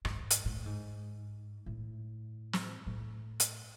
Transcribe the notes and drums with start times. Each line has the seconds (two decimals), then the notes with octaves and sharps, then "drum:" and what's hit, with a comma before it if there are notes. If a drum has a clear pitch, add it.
0.05 G#2, drum: rim click
0.30 drum: hi-hat
0.45 A2
0.66 G#2
1.66 A2
2.53 drum: snare
2.87 A2
3.40 drum: hi-hat